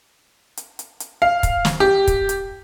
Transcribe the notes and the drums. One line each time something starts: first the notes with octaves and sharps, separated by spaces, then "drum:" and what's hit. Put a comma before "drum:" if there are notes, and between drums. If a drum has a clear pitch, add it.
drum: hi-hat
drum: hi-hat
drum: hi-hat
F5
drum: kick, hi-hat
drum: snare
G4
drum: kick, hi-hat
drum: hi-hat